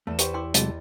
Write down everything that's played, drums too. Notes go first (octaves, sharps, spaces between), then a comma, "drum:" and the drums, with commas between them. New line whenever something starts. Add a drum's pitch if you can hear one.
E2 A3 E7
G4 B4 C5 G5, drum: hi-hat
E4 G5 C6 D6
C3 E3 F#3 G#3 A3 D#5, drum: hi-hat